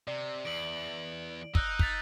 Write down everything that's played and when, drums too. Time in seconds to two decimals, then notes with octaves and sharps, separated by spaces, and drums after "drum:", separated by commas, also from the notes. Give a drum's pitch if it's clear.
0.08 C3 D5
0.45 E2 D7 F#7
1.55 D#4 E6 F#6 G6, drum: kick
1.79 A6 B6 F7, drum: kick